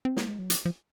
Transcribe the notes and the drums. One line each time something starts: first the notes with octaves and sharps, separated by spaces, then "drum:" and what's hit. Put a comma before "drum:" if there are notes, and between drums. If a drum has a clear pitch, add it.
C4
A#3, drum: snare
G#3
F#3
F3, drum: hi-hat
F3